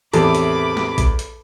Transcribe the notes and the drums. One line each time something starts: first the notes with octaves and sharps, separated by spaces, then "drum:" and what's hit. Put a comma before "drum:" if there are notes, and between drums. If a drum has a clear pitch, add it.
E2 A2 C3 D#3 A4 B5 D6, drum: hi-hat
drum: hi-hat
drum: snare
drum: kick A#1, hi-hat
drum: hi-hat